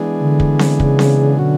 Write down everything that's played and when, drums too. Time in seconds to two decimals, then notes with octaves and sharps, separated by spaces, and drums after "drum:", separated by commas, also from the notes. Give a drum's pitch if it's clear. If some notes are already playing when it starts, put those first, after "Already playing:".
Already playing: E3 G#3 B3 D4 G#4
0.20 D3
0.40 drum: kick
0.59 drum: snare C4
0.80 C#3, drum: kick
0.99 drum: snare C4
1.38 B2 D3 F#3 C#4 F#4